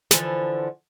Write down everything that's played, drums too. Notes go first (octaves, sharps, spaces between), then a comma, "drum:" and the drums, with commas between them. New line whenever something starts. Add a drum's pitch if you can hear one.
D3 E3 F3, drum: snare